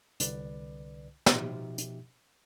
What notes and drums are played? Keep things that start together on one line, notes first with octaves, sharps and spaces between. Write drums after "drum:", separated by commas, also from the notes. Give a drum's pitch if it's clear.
C2 D3 B4 D5, drum: hi-hat
B2 F3 D#4 G4 E5, drum: snare
drum: hi-hat